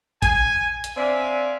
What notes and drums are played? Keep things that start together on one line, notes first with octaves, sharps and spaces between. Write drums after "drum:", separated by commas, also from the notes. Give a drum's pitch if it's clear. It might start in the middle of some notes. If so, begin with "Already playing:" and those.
G#5, drum: kick A1, hi-hat
drum: hi-hat
C4 D4 D5 E5 F5 G#5